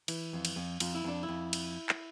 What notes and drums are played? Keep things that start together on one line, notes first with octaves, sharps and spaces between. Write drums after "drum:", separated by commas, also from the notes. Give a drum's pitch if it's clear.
E3, drum: cymbal
F2
drum: cymbal
F2
F2 F4, drum: cymbal
E4
F2 D4
E4
F2
drum: cymbal
drum: clap